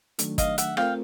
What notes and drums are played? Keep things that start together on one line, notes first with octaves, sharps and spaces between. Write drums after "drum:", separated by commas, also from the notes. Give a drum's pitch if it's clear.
D#3 F#3 A3 D4, drum: hi-hat
D#5 F5, drum: kick, hi-hat
E5 F#5, drum: hi-hat
A3 C4 F4 A#4 F5 G5, drum: rim click